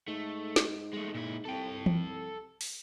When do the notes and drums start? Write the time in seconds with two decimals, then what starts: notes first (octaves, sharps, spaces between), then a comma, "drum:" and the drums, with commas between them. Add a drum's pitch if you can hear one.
0.08 G#2 A3
0.56 drum: snare
0.94 G#3 A3
1.15 A#2 E4
1.46 C2 A4 G5
1.86 drum: tom
2.61 drum: open hi-hat